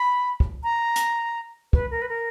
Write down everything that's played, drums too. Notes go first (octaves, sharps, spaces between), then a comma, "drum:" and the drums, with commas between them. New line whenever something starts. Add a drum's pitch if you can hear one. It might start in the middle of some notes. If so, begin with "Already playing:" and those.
Already playing: B5
drum: kick
A#5
drum: hi-hat
B4, drum: kick
A#4
B4
A#4